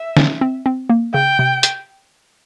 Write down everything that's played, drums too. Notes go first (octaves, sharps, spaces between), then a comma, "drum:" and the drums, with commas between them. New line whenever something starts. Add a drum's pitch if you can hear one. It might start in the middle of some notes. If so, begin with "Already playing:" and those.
Already playing: E5
C#4, drum: snare
C4
C4
A#3
C#3 G5
C3
drum: hi-hat